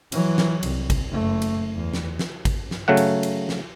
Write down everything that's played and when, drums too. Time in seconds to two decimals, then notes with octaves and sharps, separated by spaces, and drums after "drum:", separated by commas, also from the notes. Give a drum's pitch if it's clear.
0.12 E3 F#3, drum: cymbal
0.38 drum: snare
0.63 C2, drum: cymbal
0.90 drum: kick G#1, cymbal
1.09 F#1 A3
1.42 drum: cymbal
1.75 E2
1.93 drum: snare
2.19 drum: snare
2.45 drum: kick G#1, cymbal
2.71 drum: snare
2.88 C#3 F#3 A3 F#5
2.97 drum: cymbal
3.23 drum: cymbal
3.49 drum: snare